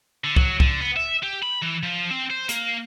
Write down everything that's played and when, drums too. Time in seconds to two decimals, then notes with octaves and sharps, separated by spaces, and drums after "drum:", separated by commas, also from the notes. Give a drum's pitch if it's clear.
0.24 D3
0.36 F#3, drum: kick C2
0.60 D3, drum: kick C2
0.81 B3
0.96 E5
1.23 G4
1.43 B5
1.62 E3
1.83 F3
2.10 C4
2.30 C5
2.49 A#3, drum: hi-hat